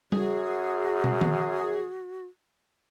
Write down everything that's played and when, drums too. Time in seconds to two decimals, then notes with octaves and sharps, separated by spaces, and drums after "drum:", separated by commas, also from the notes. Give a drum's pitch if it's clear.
0.12 F#2 F#4 G#4, drum: tom G3
1.04 drum: tom
1.21 drum: tom D#3